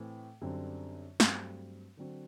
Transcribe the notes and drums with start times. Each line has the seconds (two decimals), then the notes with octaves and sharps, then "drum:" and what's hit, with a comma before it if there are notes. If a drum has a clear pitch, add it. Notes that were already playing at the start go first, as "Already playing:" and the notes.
Already playing: A2 E3 A3 C4
0.41 F#2 D3 G3 C4
1.20 G2 F#3 A3 C4, drum: snare
1.97 D3 F#3 C4 F#4